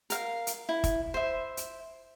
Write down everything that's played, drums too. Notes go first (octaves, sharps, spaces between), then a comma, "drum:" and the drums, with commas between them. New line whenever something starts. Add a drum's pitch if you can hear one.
A#4 F5, drum: hi-hat
drum: hi-hat
E4
drum: kick, hi-hat
C5 E5
drum: hi-hat